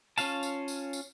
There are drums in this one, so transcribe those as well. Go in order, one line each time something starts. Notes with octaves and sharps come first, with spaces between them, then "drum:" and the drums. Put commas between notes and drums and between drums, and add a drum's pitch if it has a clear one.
C#4 F4 F5 A5, drum: tambourine
drum: tambourine
drum: tambourine
drum: tambourine